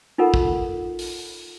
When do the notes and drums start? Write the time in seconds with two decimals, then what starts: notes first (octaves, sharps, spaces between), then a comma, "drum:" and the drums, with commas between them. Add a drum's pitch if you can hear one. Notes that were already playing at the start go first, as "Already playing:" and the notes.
0.18 D#4 F4 A4 A#4 F#5
0.34 drum: kick A1
0.99 drum: open hi-hat